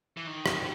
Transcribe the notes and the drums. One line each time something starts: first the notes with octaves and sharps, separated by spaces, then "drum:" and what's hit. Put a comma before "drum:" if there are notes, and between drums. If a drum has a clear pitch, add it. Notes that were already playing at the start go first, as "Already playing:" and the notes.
E3
D#3
drum: rim click